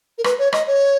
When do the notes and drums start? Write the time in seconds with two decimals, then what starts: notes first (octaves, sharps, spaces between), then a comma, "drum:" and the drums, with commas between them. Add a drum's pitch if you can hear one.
0.18 A#4
0.24 B4, drum: rim click
0.39 C#5
0.53 D#5, drum: rim click
0.67 C#5